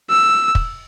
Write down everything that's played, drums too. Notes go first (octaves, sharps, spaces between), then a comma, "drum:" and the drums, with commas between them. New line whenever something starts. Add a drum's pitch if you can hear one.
E6
drum: kick